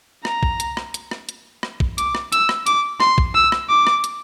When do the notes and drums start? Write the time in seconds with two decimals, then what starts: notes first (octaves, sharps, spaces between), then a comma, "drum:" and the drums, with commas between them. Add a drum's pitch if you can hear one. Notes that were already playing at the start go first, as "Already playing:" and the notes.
0.25 A#5, drum: rim click
0.43 drum: kick
0.60 drum: hi-hat
0.77 drum: rim click
0.94 drum: hi-hat
1.11 drum: rim click
1.29 drum: hi-hat
1.63 drum: rim click
1.80 drum: kick
1.98 D6, drum: hi-hat
2.15 drum: rim click
2.32 E6, drum: hi-hat
2.49 drum: rim click
2.67 D6, drum: hi-hat
3.00 C6, drum: rim click
3.18 drum: kick
3.35 E6
3.52 drum: rim click
3.69 D6
3.87 drum: rim click
4.04 drum: hi-hat